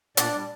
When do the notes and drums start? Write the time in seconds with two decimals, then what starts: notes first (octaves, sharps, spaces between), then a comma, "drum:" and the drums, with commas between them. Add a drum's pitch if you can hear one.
0.17 A#2 D4 D5, drum: hi-hat
0.34 G3